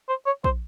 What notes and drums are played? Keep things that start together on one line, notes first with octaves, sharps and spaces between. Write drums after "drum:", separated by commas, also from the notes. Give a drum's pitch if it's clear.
C5
C#5
C5, drum: kick